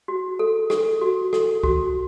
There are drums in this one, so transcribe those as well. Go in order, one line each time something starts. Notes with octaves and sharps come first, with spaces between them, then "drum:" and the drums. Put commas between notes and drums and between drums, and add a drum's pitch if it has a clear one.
F#4
A4
A4, drum: rim click
F#4
A4, drum: rim click
F#4, drum: kick C2